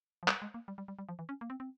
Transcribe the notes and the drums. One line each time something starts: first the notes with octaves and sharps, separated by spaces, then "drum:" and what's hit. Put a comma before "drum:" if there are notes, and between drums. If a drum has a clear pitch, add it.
F3
G3, drum: clap
G#3
A#3
G3
G3
G3
G3
F3
E3
C#4
A#3
C4
C4